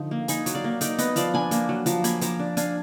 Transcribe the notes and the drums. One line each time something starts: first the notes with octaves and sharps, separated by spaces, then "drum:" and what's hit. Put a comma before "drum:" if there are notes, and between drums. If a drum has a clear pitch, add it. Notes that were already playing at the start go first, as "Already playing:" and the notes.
Already playing: D3 F3 D#4
A#3
D#4 G#5 B5, drum: hi-hat
F#3, drum: hi-hat
D5 F5
A#3
D#4 A#4 D5, drum: hi-hat
B3 B4 D#5, drum: hi-hat
F3 D5 F5, drum: hi-hat
D4 G#5 B5
A#3, drum: hi-hat
F#3
F3 A#5 D6, drum: hi-hat
A#3 G#5 B5, drum: hi-hat
F3 A#5 D6, drum: hi-hat
D4
D4 F5 G#5, drum: hi-hat